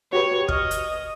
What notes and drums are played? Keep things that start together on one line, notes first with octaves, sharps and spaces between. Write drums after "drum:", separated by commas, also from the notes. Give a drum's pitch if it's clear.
F#4 G4 B4 C#5
D#5 F6, drum: kick
drum: hi-hat